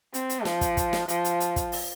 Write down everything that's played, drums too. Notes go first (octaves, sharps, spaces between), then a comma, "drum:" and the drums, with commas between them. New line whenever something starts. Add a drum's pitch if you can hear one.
C4, drum: hi-hat
drum: hi-hat
F3, drum: snare
drum: kick, hi-hat
drum: kick, hi-hat
drum: snare
F3, drum: hi-hat
drum: hi-hat
drum: hi-hat
drum: kick, hi-hat
drum: open hi-hat